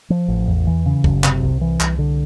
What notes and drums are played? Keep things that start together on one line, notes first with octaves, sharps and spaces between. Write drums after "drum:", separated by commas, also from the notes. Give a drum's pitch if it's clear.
F3
A1
E2
E3
C#3
F#1, drum: kick
C3, drum: clap
C2
E3
C2, drum: clap
D3